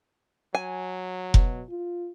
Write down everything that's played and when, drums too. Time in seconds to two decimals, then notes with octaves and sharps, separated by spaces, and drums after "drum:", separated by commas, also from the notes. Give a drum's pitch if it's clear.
0.55 F#3 G#5
1.34 B2, drum: kick F1
1.69 F4